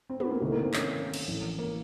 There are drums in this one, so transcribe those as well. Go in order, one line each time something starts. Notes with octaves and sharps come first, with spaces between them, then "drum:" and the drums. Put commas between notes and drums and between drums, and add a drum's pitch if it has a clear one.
C4
B3, drum: tom
A#3
C2 C3 D#3 A3
A#3
C4
C#4, drum: clap
drum: cymbal
A1 A2 E3
A#3